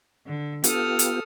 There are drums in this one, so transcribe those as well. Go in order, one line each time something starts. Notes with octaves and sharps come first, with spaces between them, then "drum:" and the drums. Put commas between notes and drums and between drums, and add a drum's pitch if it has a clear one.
D3
B3 F4 G4 A4 D#6 F6, drum: hi-hat
drum: hi-hat